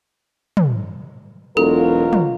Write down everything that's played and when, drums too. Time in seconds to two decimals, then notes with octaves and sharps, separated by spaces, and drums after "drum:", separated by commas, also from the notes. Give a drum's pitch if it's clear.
0.57 drum: tom
1.57 E1 B2 F#3 F4 A4 A#4
2.13 drum: tom